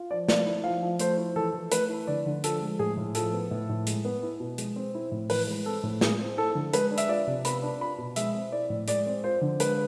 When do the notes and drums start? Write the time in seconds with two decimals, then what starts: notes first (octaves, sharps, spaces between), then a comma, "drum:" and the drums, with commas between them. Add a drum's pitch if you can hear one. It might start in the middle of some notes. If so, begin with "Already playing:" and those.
Already playing: F4
0.11 F3 D5
0.29 A3 D5, drum: snare
0.46 E4
0.64 F3 F5
0.82 F3
0.99 A3 C5, drum: hi-hat
1.18 E4
1.36 E3 A4
1.54 E3
1.72 A3 B4, drum: hi-hat
1.89 E4
2.07 D3 D5
2.26 D3
2.44 F3 A4, drum: hi-hat
2.61 G#3
2.79 A2 G#4
2.97 A2
3.15 F3 A4, drum: hi-hat
3.33 B3
3.51 A2
3.69 A2
3.87 G#3, drum: hi-hat
4.05 B3
4.23 E4
4.40 B2
4.58 G#3, drum: hi-hat
4.76 C4
4.95 E4
5.12 A2
5.30 E3 B4, drum: open hi-hat
5.47 G#3
5.66 C4 A4
5.83 A2
6.01 G#3 G#4, drum: snare
6.19 C4
6.37 E4 A4
6.55 D3
6.74 G#3 B4, drum: hi-hat
6.91 D4
6.98 E5, drum: hi-hat
7.09 F4 D5
7.27 C3
7.45 B3 B5, drum: hi-hat
7.63 D4
7.81 F4 B5
7.98 B2
8.16 G#3 E5, drum: hi-hat
8.35 C4
8.52 E4 D5
8.70 A2
8.88 G#3 D5, drum: hi-hat
9.06 C4
9.24 F4 C5
9.41 D3
9.60 G#3 B4, drum: hi-hat